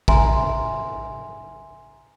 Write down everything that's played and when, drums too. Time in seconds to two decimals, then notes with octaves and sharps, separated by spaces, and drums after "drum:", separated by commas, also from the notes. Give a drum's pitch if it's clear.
0.08 E5 G#5 A#5 C6, drum: kick